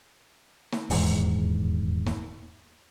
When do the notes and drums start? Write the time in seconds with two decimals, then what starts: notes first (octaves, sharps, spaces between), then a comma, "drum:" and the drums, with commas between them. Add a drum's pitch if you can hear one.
0.72 drum: snare
0.90 D#1 E2 G#2, drum: open hi-hat
2.06 drum: snare